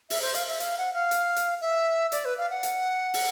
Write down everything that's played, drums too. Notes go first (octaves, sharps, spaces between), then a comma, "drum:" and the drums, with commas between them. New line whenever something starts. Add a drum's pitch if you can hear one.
E5, drum: open hi-hat
C5
F5, drum: hi-hat
E5
F5, drum: hi-hat
F#5
F5
drum: hi-hat
drum: hi-hat
E5
D5, drum: hi-hat
B4
F5
F#5
drum: hi-hat
drum: open hi-hat